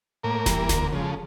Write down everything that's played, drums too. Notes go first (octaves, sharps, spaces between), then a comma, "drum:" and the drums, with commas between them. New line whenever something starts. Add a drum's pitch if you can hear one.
A2 A#3 A#4
E3 G3, drum: snare E1
D2, drum: snare E1
C#3 F3 G#3
A4